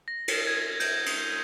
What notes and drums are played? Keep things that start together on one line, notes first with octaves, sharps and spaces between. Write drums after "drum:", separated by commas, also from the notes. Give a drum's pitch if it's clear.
A#6
drum: cymbal
G#6
G6, drum: cymbal
drum: cymbal